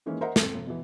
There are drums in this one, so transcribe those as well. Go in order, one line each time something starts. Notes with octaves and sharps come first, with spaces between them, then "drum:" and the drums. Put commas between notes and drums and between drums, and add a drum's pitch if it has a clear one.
D#3 E3 G#3 A#3 C#4
A#4 C5 D#5 E5 F#5 A#5
C4 A4, drum: snare
F1
B2 E3